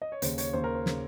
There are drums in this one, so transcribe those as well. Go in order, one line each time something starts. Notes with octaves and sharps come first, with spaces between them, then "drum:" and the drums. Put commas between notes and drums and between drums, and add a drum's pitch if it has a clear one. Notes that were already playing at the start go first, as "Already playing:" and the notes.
D#5
C#5
D#2 C#3 C5, drum: hi-hat
C#5, drum: hi-hat
D#2 C#3 C5
A#4
C5
C#3, drum: snare